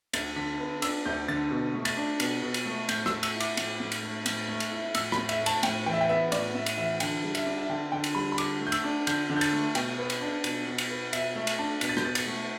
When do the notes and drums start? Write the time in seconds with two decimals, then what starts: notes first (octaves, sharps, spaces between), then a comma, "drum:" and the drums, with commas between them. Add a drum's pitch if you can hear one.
0.13 D2 A6, drum: cymbal
0.36 D3 B6
0.60 B3
0.82 D4 E6, drum: cymbal
1.05 D2 G6
1.28 D3 A6
1.51 B2
1.74 A3
1.85 A6, drum: cymbal
1.97 D4
2.20 B2, drum: cymbal
2.43 B2
2.54 drum: cymbal
2.66 A3
2.89 A2 G6, drum: cymbal
3.06 E6, drum: rim click
3.12 A3
3.23 E6, drum: cymbal
3.35 E4
3.40 D6, drum: cymbal
3.57 A2, drum: cymbal
3.80 A2
3.92 drum: cymbal
4.03 A3
4.26 A2, drum: cymbal
4.48 A3
4.60 drum: cymbal
4.72 E4
4.94 A2 E6, drum: cymbal
5.12 B5, drum: rim click
5.18 A2
5.29 E5, drum: cymbal
5.41 A3
5.46 A5, drum: cymbal
5.63 A2 G5, drum: cymbal
5.86 E3 G5
5.93 E5
6.01 G5
6.09 B3 E5
6.32 A2 D5, drum: cymbal
6.55 A2 E5
6.66 drum: cymbal
6.78 E3 E5
7.00 D3 G5, drum: cymbal
7.24 G3
7.35 E5, drum: cymbal
7.47 D4
7.58 E5
7.69 D3 G5
7.92 D3 G5
8.04 drum: cymbal
8.15 G3 B5
8.32 B5
8.38 D3 D6, drum: cymbal
8.61 A3
8.67 G6
8.72 E6, drum: cymbal
8.84 D4
9.07 D3 G6, drum: cymbal
9.30 D3
9.36 G6
9.41 A6, drum: cymbal
9.53 A3
9.75 B2 G5, drum: cymbal
9.98 B3
10.10 drum: cymbal
10.21 D4
10.44 B2, drum: cymbal
10.67 B2
10.78 drum: cymbal
10.90 B3
11.13 B2 E5, drum: cymbal
11.35 A3 E5
11.47 drum: cymbal
11.59 D4 A5
11.81 B2 B6, drum: cymbal
11.89 A6
11.97 G6, drum: rim click
12.04 B2 A6
12.15 A6, drum: cymbal
12.27 A3